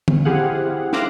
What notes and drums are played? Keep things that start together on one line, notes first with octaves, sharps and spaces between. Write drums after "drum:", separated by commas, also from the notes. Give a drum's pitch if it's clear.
drum: tom
C4 E4 G4 G#4 F5 F#5
E5 F5 C6 D6 F#6 A#6, drum: snare